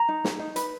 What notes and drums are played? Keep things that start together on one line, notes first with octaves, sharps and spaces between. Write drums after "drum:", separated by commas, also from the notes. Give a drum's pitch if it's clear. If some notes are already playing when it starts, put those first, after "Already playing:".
Already playing: A#5
D#4
G#4, drum: snare
D#4
B4, drum: hi-hat